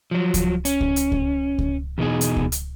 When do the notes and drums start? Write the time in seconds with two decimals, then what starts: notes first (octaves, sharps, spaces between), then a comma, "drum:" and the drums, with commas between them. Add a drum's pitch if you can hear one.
0.11 F3 F#3
0.34 drum: kick C#2, hi-hat
0.65 C#4, drum: hi-hat
0.81 drum: kick C#2
0.96 drum: hi-hat
1.12 drum: kick C#2
1.58 drum: kick C#2
1.98 E2 B2 A#3 D#4 G#4
2.21 drum: hi-hat
2.36 drum: kick C#2
2.52 drum: hi-hat